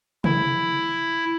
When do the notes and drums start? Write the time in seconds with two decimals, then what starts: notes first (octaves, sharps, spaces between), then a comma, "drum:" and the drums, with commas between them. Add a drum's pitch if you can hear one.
0.24 E4, drum: tom